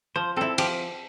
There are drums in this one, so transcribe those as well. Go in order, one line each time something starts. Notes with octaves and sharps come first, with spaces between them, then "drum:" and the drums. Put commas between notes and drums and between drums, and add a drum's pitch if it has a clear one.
F3 C5
C4 E4 A4
F3 G4, drum: cymbal